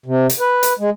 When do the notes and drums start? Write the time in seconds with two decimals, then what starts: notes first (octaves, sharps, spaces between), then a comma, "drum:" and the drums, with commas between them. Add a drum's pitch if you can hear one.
0.06 C3
0.30 drum: hi-hat
0.40 B4
0.63 drum: hi-hat
0.79 G#3